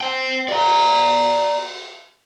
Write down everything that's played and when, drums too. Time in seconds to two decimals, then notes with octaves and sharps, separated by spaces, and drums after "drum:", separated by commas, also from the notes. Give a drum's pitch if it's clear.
0.01 C5 G5
0.48 D5 A#5, drum: cymbal